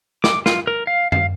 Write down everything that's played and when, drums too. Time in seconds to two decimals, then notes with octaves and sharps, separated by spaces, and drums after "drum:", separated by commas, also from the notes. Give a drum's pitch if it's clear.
0.24 D6, drum: snare
0.46 F4, drum: snare
0.67 A#4
0.87 F5
1.12 F5, drum: tom F#2